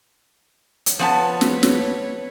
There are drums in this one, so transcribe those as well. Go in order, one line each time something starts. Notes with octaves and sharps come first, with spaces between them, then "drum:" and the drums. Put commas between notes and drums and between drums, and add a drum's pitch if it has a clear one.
drum: hi-hat
F3 B3 B4 C#5 A5
drum: snare
drum: snare